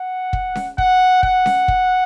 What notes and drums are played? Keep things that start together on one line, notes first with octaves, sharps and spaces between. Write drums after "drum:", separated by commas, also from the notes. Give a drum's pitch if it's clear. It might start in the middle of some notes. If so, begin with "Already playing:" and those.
Already playing: F#5
drum: kick
drum: snare C#4
F#5, drum: kick
F#5, drum: kick
drum: snare C#4
drum: kick